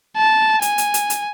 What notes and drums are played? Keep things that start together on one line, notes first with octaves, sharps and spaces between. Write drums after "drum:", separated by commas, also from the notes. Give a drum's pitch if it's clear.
A5
G#5, drum: hi-hat
drum: hi-hat
drum: hi-hat
drum: hi-hat